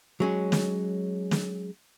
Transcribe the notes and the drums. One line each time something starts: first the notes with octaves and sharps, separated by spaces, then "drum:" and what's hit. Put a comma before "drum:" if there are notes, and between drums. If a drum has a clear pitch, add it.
F#3 G#3 C#4
drum: snare
drum: snare